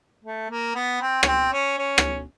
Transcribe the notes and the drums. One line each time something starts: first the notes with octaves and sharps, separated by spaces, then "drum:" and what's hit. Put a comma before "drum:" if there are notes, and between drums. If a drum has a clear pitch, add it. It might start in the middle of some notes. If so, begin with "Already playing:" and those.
A3
A#3
B3
C4
C#4, drum: rim click
C4
C#4
C#4
drum: rim click